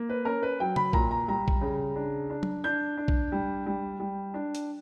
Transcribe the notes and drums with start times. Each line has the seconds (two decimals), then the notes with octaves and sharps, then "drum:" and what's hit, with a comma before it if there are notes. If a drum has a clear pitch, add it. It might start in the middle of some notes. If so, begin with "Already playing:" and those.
Already playing: A#3
0.09 B4
0.25 C#4 A#4
0.43 B4
0.60 F#3 G5
0.76 B5, drum: tom
0.93 A#2 A#5, drum: kick A#1
1.11 A#5
1.28 G3 A#5
1.48 drum: kick A#1
1.61 C#3
1.96 D4
2.30 D4
2.43 drum: tom
2.64 D4 G6
2.97 D4
3.08 drum: kick A#1
3.32 G3
3.66 G3
3.99 G3
4.34 D4
4.55 drum: hi-hat